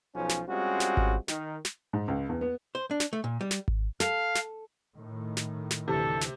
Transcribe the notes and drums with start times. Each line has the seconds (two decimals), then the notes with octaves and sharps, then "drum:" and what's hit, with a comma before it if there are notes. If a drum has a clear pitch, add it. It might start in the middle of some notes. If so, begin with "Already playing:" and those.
0.15 B1 F3 C#4
0.30 drum: snare
0.48 G3 G#3 C4 C#4 F4 F#4
0.80 drum: snare
0.97 drum: kick G#1
1.28 D#3, drum: snare
1.65 drum: snare
1.93 G#2
2.08 C#2
2.29 E2
2.41 B3
2.75 C5
2.91 D4
3.00 drum: snare
3.13 A3
3.24 A#2
3.41 G3
3.51 drum: snare
3.68 drum: kick G#1
4.00 A4 F5, drum: snare
4.35 drum: snare
4.95 A2 D#3
5.37 drum: snare
5.71 drum: snare
5.88 D2 C3 E3 A4
6.21 drum: snare